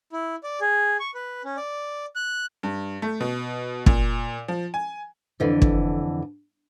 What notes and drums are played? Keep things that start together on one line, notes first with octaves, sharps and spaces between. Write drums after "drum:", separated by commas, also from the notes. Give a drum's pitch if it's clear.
E4
D5
G#4
C#6
B4
C#4
D5
F#6
G2
A3
B2
A#2, drum: kick
F3
G#5
F2 D3 E3
drum: kick